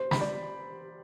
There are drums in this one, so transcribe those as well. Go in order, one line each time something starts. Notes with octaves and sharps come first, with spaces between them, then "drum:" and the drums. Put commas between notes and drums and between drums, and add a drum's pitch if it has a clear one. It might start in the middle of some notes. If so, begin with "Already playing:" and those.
Already playing: C5
B5, drum: snare
D5